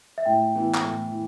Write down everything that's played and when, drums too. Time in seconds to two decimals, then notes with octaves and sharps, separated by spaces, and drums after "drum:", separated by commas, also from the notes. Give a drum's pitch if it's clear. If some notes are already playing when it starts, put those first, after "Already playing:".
0.18 E5
0.25 A2 G5
0.55 E3 B3 E4
0.74 drum: clap
0.84 A2
1.12 E3